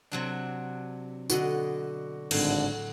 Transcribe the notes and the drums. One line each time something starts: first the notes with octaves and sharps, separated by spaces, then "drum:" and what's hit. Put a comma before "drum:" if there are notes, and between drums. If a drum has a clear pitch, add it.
C3 F#3 D4
B2 D3 F#4 D#5, drum: tambourine
G#1 A2 D3 F#3, drum: cymbal